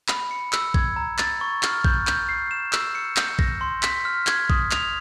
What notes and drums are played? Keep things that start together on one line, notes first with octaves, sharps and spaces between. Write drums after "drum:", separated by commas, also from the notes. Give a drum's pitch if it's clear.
B5, drum: clap
C#7
E6, drum: clap
G#6, drum: kick A1
A#5
A6, drum: clap
C#6
F6, drum: clap
G6, drum: kick A1
G6, drum: clap
C7
E7
E6, drum: clap
C#7
G6, drum: clap
A#6, drum: kick A1
C6
B6, drum: clap
F6
G#6, drum: clap
D#6, drum: kick A1
F7, drum: clap